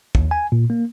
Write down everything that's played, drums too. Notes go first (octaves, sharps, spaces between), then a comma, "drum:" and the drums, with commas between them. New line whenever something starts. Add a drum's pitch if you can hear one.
D#2, drum: kick
G#5
A#2
A#3